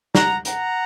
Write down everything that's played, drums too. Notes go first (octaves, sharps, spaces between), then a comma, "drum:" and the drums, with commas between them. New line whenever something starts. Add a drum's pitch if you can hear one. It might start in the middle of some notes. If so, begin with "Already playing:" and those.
F#5 A#5, drum: snare
F#5 A#5, drum: hi-hat